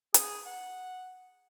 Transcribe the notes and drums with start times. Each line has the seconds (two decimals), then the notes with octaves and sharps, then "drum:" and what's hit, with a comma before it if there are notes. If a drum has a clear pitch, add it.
0.14 G#4, drum: hi-hat
0.45 F#5